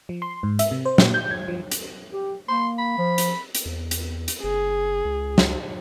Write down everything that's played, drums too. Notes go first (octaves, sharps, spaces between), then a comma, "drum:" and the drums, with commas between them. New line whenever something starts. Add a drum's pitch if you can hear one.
F3
C6
G#2
E5, drum: hi-hat
C3
C5
A#2, drum: snare
G6
G#6
F3
drum: hi-hat
G4
A#3 C6
B5
F3
drum: hi-hat
drum: hi-hat
E2
drum: hi-hat
drum: hi-hat
F#1 G#4
C#2
drum: snare